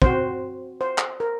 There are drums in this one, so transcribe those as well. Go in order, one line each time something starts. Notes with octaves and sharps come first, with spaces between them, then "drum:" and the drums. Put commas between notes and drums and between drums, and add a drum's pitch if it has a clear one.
C4 F#4 C5, drum: kick
C5
drum: clap
A#4